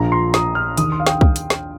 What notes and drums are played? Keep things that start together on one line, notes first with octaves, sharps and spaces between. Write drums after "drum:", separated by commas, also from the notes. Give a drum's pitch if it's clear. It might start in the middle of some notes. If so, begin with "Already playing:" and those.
Already playing: A#1 A#2 F3 A#5
C6
D#6, drum: snare
F6
D#2 D#3 D#6, drum: hi-hat
C6
F5
G5, drum: snare
drum: kick C2
drum: hi-hat
drum: snare